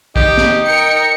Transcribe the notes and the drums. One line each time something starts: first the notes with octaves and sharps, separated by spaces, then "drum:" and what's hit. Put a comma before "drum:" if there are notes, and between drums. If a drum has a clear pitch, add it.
D#4 G4, drum: kick
drum: snare
A#4 G5 C#7